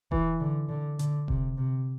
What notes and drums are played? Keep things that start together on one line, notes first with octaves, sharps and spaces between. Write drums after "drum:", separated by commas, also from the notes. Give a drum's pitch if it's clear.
E3, drum: kick E1
D3
D3
D3, drum: hi-hat
C3, drum: kick E1
C3